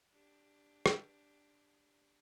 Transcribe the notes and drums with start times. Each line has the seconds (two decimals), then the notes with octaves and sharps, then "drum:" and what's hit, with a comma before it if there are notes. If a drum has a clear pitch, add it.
0.11 D4 G4
0.86 drum: rim click